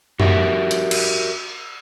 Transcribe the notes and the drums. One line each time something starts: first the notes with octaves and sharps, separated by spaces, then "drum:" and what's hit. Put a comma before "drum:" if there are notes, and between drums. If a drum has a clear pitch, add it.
F#4 G4 A#4 E5, drum: tom F#2
drum: hi-hat
drum: cymbal